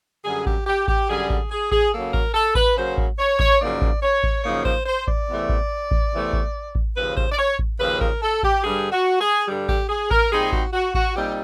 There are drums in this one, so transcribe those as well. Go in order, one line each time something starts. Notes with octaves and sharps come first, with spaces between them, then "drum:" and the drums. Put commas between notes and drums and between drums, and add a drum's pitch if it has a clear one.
F#2 D3 G3 G#4
G4, drum: kick A1
G4
G4, drum: kick A1
F#2 D3 G3 G#4
G#4, drum: kick A1
G#4
G#4, drum: kick A1
C#3 F#3 A#3 A4
A#4, drum: kick A1
A4
B4, drum: kick A1
C#3 F#3 A#3 C5
drum: kick A1
C#5
C#5, drum: kick A1
F#2 C#3 F3 A#3 D#4 D5
drum: kick A1
C#5
drum: kick A1
F#2 C#3 F3 A#3 D#4 C#5
C5, drum: kick A1
C5
D5, drum: kick A1
E2 C3 E3 A3
drum: kick A1
drum: kick A1
E2 C3 E3 A3
drum: kick A1
drum: kick A1
D#2 C#3 F3 B4
C5, drum: kick A1
D5
C#5
drum: kick A1
D#2 C#3 F3 B4
A#4, drum: kick A1
A4
G4, drum: kick A1
G2 D3 G3 G#4
F#4
G#4
G2 D3 G3
G4, drum: kick A1
G#4
A#4, drum: kick A1
A#2 G3 C4 D#4 G#4
F#4, drum: kick A1
F#4
F#4, drum: kick A1
A#2 G3 C4 D#4 G4